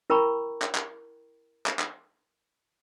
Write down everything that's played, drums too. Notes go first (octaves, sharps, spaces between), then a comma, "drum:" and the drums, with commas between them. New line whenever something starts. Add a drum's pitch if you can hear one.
E4 A#4 G5 A#5 B5 C#6
drum: clap
drum: clap
drum: clap
drum: clap